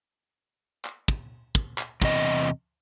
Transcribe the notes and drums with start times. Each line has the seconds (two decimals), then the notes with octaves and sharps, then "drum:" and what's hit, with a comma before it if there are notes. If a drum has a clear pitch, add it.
0.85 drum: clap
1.08 drum: kick
1.55 drum: kick
1.78 drum: clap
2.02 E2 C3 D#5, drum: kick